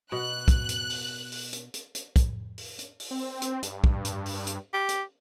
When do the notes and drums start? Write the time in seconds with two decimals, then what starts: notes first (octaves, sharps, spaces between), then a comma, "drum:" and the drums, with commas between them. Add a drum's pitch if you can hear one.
0.12 B2 F#5 F#6
0.48 drum: kick, hi-hat
0.69 drum: hi-hat
0.90 drum: open hi-hat
1.32 drum: open hi-hat
1.53 drum: hi-hat
1.74 drum: hi-hat
1.95 drum: hi-hat
2.16 drum: kick, hi-hat
2.58 drum: open hi-hat
2.79 drum: hi-hat
3.00 drum: open hi-hat
3.11 C4
3.42 drum: hi-hat
3.63 G2, drum: hi-hat
3.84 drum: kick
4.05 drum: hi-hat
4.26 drum: open hi-hat
4.47 drum: hi-hat
4.74 G4
4.89 drum: hi-hat